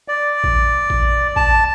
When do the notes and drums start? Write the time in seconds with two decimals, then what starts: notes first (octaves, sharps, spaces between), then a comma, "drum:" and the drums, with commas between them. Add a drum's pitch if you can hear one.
0.08 D5
0.44 drum: kick A1
0.90 drum: kick A1
1.36 A5, drum: kick A1